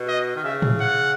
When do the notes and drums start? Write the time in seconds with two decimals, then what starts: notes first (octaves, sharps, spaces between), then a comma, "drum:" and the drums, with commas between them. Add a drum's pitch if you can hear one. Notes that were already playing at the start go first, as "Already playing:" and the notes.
Already playing: B2
0.08 D#5
0.36 D#3
0.44 C#3 E5
0.62 drum: tom A2
0.80 F#5